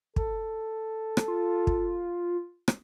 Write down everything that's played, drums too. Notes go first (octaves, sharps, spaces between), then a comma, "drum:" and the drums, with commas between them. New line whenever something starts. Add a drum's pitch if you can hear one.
A4, drum: kick
drum: rim click
F4
drum: kick
drum: rim click